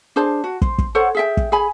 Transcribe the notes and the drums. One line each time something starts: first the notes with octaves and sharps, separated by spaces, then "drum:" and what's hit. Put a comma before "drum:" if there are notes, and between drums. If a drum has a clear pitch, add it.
D4 G#4 C5 A5
F#4
C5, drum: kick
drum: kick
A4 C5 C#5 F#5
G#4 E5 G5
drum: kick
G#4 G#5 B5